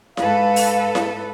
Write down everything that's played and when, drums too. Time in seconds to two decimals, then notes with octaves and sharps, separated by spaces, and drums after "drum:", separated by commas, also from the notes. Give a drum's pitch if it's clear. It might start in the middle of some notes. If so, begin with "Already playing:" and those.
0.17 G#2 A4 B4 F5, drum: snare E4
0.56 drum: open hi-hat
0.95 drum: snare E4